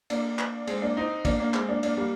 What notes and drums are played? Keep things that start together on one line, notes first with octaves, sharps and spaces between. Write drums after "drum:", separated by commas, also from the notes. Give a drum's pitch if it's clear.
A#3 D4, drum: cymbal
drum: clap
G#3 C4, drum: cymbal
A#3 D4
C4 D#4
A#3 D4, drum: kick, cymbal
A#3 D4
G#3 C4, drum: clap
A#3 D4
A#3 D4, drum: cymbal
G3 A#3